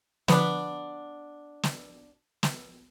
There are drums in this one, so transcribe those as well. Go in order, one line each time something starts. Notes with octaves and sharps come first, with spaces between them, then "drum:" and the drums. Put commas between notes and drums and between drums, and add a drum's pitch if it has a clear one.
D3 F3 B3 D4 B6, drum: snare
drum: snare
drum: snare